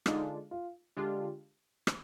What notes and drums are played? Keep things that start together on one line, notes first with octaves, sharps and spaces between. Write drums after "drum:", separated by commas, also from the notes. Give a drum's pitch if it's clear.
D3 G#3 D4 D#4 F4, drum: rim click
F4
D3 G#3 D4 F4 G4
drum: rim click